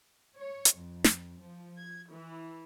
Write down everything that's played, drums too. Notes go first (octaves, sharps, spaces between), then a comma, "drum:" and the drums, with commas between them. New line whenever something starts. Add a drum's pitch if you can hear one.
C#5
drum: hi-hat
F2
drum: snare
F3
G#6
E3